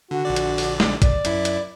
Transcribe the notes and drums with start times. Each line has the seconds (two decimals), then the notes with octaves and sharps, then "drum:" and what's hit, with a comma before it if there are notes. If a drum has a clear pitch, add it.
0.11 D3 F#4
0.25 A#1 D3 D5
0.36 drum: hi-hat
0.58 drum: open hi-hat
0.80 drum: snare
1.02 D5, drum: kick A1, hi-hat
1.25 F#2 E4, drum: hi-hat
1.45 drum: hi-hat